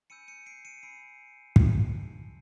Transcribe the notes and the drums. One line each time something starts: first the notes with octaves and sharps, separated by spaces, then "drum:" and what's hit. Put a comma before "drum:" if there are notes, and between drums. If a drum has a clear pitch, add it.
G#5 B5 E6 G6 C#7 D#7
C#7 D#7
C7 D7
C#7 D#7
G#5 B5 E6 G6 C7 D7
A5 C6 E6, drum: kick